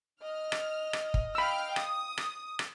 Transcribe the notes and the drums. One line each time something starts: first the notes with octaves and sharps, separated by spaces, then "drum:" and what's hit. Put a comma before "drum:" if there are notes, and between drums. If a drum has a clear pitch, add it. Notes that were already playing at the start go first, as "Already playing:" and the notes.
D#5 F6
drum: rim click
drum: rim click
drum: kick
F5 G5 B5 E6 F6
D#6, drum: rim click
drum: rim click
drum: rim click